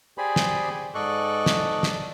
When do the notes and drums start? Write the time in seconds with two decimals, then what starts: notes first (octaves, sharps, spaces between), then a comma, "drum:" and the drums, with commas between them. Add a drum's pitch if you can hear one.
0.18 G4 G#4 C5 D5 G#5 B5
0.36 drum: snare
0.95 G#2 A4 D5 D#5 C#6 F#6
1.46 drum: snare
1.83 drum: snare